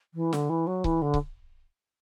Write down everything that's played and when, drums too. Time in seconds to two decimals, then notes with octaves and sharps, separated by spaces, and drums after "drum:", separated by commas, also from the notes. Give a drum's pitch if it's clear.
0.14 E3
0.33 D3, drum: snare
0.49 E3
0.67 F#3
0.84 E3, drum: kick C#1
1.02 D3
1.14 drum: kick C#1